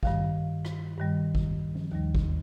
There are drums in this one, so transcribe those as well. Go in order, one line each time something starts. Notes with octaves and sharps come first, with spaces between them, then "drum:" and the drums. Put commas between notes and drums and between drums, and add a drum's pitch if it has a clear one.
G2 D#3 G3 F5, drum: kick G#1
drum: rim click
G2 D#3 G3
drum: kick G#1
drum: tom F3
D#2 D#3 G3
drum: kick G#1